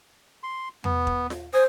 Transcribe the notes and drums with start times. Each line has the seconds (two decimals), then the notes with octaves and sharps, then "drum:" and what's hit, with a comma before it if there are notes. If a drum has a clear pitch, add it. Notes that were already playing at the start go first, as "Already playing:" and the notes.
0.43 C6
0.84 B3, drum: tom E2
1.07 drum: kick
1.30 drum: snare F4
1.54 C5 G#5 D#6